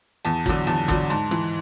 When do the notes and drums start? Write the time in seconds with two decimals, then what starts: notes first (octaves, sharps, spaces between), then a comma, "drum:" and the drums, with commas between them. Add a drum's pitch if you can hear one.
0.25 E2 A5, drum: hi-hat
0.46 D3 F#3, drum: kick, hi-hat
0.67 E2 A5, drum: hi-hat
0.88 D3 F#3, drum: kick, hi-hat
1.10 G#2 A5, drum: hi-hat
1.31 E3, drum: rim click